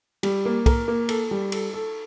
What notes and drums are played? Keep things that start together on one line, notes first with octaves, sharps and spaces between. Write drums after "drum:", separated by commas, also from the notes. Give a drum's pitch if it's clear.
G3, drum: cymbal
A#3
A#4, drum: kick, cymbal
A#3
A4, drum: cymbal
G3
A4, drum: cymbal
A4